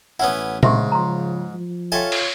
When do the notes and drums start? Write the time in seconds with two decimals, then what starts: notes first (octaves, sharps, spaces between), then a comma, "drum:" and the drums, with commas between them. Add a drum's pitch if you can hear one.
0.20 A1 B3 C#4 E4 F#5
0.63 G#2 C#3 E5 C6 C#6, drum: tom A#2
0.92 F3 A#5 C6
1.54 F3
1.92 F4 A4 C#5 D#5 E5 G5 G#5
2.12 drum: cymbal